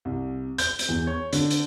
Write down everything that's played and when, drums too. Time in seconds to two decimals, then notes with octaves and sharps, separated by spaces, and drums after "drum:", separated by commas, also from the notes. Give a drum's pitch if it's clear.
0.05 C2
0.58 G6, drum: hi-hat
0.79 drum: hi-hat
0.89 E2
1.07 C#5
1.33 D3, drum: hi-hat
1.50 drum: hi-hat